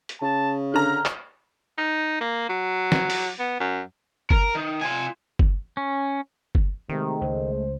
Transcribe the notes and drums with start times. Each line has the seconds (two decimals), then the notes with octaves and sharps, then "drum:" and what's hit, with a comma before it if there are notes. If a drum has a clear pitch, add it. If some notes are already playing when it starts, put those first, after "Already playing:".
0.09 drum: hi-hat
0.22 C#3 A5
0.74 D3 A#5 F6
1.05 drum: clap
1.78 D#4
2.21 A#3
2.49 F#3
2.92 drum: snare
3.10 drum: open hi-hat
3.39 B3
3.60 F#2
4.30 A#4, drum: kick F#1
4.55 D#3
4.81 F4 G#5
5.39 drum: kick F#1
5.77 C#4
6.55 drum: kick F#1
6.89 C3 D#3 G#3 A3
7.21 C#2 C5